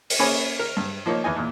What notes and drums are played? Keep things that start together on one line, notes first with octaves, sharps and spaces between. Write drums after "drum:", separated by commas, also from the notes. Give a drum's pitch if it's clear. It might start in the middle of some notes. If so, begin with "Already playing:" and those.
drum: open hi-hat
A#3 C#4 G#4 C#5 G#5 B5
A#4
G2
F3 A#3 D#4 C#5
E2 E3 D#4 D#5 G#5
E2 A#2